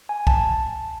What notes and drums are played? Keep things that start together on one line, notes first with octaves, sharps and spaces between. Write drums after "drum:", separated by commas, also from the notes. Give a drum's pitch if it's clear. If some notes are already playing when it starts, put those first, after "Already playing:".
G#5
A5, drum: kick B1